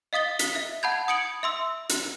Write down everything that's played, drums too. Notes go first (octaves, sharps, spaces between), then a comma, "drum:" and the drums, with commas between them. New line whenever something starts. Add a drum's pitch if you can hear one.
D#5 F5 D#6 A6 G7
B6 G7, drum: hi-hat
E5
F#5 A5 B5 G6 G#6
D#6 G#6 C#7 D7 F#7
E5 C6 E6
drum: hi-hat